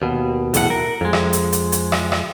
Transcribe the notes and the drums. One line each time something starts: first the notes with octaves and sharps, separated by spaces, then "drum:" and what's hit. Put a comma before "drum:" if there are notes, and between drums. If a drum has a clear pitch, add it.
D#2 B2
B1 E2 A2 F#5, drum: hi-hat
A#4
F2 G#3
drum: rim click
drum: hi-hat
drum: hi-hat
drum: hi-hat
drum: rim click
drum: rim click